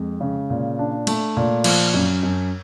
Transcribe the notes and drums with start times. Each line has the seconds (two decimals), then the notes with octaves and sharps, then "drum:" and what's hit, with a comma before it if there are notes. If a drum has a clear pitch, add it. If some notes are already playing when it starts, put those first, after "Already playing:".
Already playing: F2 G#3
0.21 C#3
0.50 A#2
0.79 D4
1.07 A3, drum: cymbal
1.37 A#2
1.64 F3, drum: cymbal
1.94 F#2
2.23 F#2